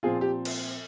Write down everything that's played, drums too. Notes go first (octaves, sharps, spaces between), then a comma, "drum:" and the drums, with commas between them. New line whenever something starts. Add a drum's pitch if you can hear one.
A#2 F3 C4 F4 G#4
G4
drum: cymbal